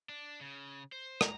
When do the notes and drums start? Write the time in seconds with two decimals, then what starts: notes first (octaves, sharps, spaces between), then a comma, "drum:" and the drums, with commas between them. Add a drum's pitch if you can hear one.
0.09 D4
0.41 C#3
0.92 C5
1.21 A#5, drum: rim click